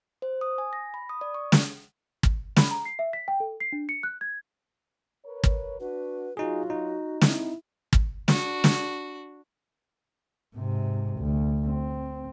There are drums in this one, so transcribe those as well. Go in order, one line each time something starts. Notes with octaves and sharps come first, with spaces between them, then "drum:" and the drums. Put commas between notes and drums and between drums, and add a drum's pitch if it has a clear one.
C5
D#6
G#5
A#6
B5
D#6
D5
C#6
drum: snare
drum: kick
B5, drum: snare
A#5
C7
E5
B6
G5
A4
C7
D4
C#7
F#6
G#6
A#4 B4 C#5
drum: kick
D4 F#4 B4
F#3 D#4 F4 F#4 G#4
D#4
C4 E4, drum: snare
drum: kick
D4 F#4, drum: snare
drum: snare
G#2 C3
D2
C4